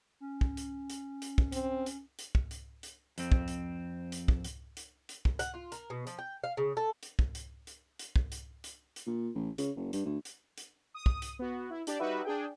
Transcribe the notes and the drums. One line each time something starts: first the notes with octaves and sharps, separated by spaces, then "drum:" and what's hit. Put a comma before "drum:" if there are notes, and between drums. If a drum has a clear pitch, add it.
C#4
drum: kick
drum: hi-hat
drum: hi-hat
drum: hi-hat
drum: kick
C4, drum: hi-hat
drum: hi-hat
drum: hi-hat
drum: kick
drum: hi-hat
drum: hi-hat
F2 C4, drum: hi-hat
drum: kick
drum: hi-hat
drum: hi-hat
drum: kick
drum: hi-hat
drum: hi-hat
drum: hi-hat
drum: kick
F#5, drum: hi-hat
F4
A#4, drum: hi-hat
B2
F3, drum: hi-hat
G5
F5
C#3
A4
drum: hi-hat
drum: kick
drum: hi-hat
drum: hi-hat
drum: hi-hat
drum: kick
drum: hi-hat
drum: hi-hat
drum: hi-hat
A#2
A1
C#3, drum: hi-hat
F#1
G2, drum: hi-hat
D2
drum: hi-hat
drum: hi-hat
D#6
drum: kick
drum: hi-hat
B3 F#4
E4
D4 G4 D5, drum: hi-hat
G3 D#4 F#4 B4 E5
D4 G#4 G5